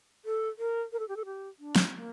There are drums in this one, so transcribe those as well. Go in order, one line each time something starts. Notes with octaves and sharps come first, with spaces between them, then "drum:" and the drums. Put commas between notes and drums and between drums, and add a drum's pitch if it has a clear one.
A4
A#4
A#4
A4
G4
A4
G4
D4
drum: snare
A#3